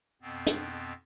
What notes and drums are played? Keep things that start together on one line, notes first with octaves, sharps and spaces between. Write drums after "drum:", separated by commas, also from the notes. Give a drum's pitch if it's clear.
F2 B2 B3 C4
drum: hi-hat